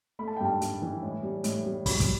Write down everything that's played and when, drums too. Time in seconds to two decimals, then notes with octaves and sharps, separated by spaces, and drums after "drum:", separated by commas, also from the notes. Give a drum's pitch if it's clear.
0.19 A3 B5
0.28 A5
0.37 G5
0.41 G2 A5
0.61 G2, drum: hi-hat
0.82 E3
1.03 A2
1.23 G3
1.44 A2, drum: hi-hat
1.66 G3
1.86 F#3 B5, drum: kick, open hi-hat
2.00 drum: kick, hi-hat